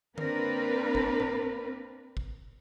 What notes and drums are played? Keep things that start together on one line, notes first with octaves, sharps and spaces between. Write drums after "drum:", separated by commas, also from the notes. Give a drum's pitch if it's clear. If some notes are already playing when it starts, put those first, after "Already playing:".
A#3 C4 D4 A#4 B4, drum: tom D3
drum: kick G1
drum: tom A2
drum: kick G1